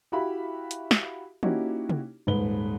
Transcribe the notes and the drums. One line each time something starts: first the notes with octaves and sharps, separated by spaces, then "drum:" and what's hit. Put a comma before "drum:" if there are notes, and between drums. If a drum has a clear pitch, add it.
E4 F#4 G4 E5 F5 B5
drum: hi-hat
drum: snare
A#3 C#4 D#4 E4 F#4 G4, drum: tom
drum: tom
D#1 G#2 B4 G7